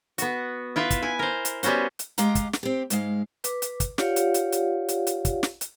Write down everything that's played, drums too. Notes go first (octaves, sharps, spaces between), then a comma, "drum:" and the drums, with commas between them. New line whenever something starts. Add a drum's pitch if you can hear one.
B3 F#4, drum: hi-hat
E4 F4 B4 E5
drum: kick, hi-hat
E4 G#5
A#4 C5
drum: hi-hat
G3 B3 C#4 F#4 C5, drum: hi-hat
drum: hi-hat
G#3 G4 D#5 F5 A#5, drum: hi-hat
drum: kick, hi-hat
drum: snare
C4 G4
G#2 G#3 F5, drum: hi-hat
B4 D6, drum: hi-hat
drum: hi-hat
drum: kick, hi-hat
F4 G4 C#5 D5 F5 F#5, drum: snare
drum: hi-hat
drum: hi-hat
drum: hi-hat
drum: hi-hat
drum: hi-hat
drum: kick, hi-hat
drum: snare
drum: hi-hat